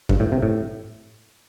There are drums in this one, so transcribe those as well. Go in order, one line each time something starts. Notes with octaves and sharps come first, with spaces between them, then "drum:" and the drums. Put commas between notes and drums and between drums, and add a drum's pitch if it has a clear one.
G2, drum: kick
A2
C3
A2